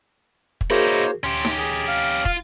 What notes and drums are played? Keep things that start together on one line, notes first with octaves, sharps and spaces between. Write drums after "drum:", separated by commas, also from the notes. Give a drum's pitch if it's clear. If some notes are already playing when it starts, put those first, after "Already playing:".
drum: kick
A#3 D#4 E4 F#4 G#4 A#4 C5 C#5
D2 C#4 G4 C6
drum: snare D#4
G#4
F5
F4, drum: kick